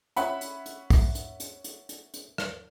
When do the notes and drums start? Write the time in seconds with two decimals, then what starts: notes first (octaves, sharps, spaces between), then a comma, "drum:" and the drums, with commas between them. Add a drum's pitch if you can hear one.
0.17 C#4 E5 F#5 B5, drum: hi-hat
0.41 drum: hi-hat
0.66 drum: hi-hat
0.90 drum: kick, open hi-hat
1.15 drum: hi-hat
1.40 drum: hi-hat
1.64 drum: hi-hat
1.89 drum: hi-hat
2.14 drum: hi-hat
2.38 drum: rim click